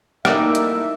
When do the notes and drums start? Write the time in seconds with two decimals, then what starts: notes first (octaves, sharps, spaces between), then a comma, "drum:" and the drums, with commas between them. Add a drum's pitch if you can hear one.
0.25 G3 A3 A#3 D#4 E4 D5 E5, drum: rim click
0.55 drum: hi-hat